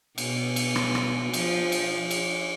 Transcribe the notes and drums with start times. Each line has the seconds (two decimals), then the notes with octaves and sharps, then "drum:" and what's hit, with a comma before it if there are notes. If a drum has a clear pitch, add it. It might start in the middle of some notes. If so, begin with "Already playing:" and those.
0.18 B2, drum: cymbal
0.56 drum: cymbal
0.76 drum: rim click
0.95 drum: rim click
1.34 F3, drum: cymbal
1.72 drum: cymbal
2.11 drum: cymbal